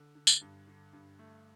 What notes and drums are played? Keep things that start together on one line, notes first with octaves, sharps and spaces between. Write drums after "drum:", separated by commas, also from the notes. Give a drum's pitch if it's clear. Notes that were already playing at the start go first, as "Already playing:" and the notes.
Already playing: D3
D3
drum: tambourine
G2
D3
G2
A3